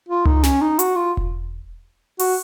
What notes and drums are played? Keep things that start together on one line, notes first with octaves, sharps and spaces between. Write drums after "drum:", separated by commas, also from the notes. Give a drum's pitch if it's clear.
F4
D#4, drum: tom C#2
C#4, drum: snare
D#4
F#4, drum: hi-hat
F4
drum: kick E1
F#4, drum: open hi-hat